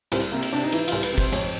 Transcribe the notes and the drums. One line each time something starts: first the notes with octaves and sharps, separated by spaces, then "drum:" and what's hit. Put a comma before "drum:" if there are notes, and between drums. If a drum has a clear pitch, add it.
C2 C4, drum: cymbal
C3 A#3
drum: cymbal
C3 D4
D#4
E3 E4, drum: cymbal
F4, drum: cymbal
C2
B4, drum: cymbal
C3
C5, drum: kick A1, cymbal
F2 C#5, drum: cymbal